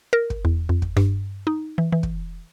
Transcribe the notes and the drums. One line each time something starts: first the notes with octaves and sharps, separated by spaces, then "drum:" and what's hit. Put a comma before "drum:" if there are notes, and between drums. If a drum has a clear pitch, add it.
A#4
drum: kick
E2
F2
drum: kick
G2, drum: rim click
D#4
E3
E3
drum: kick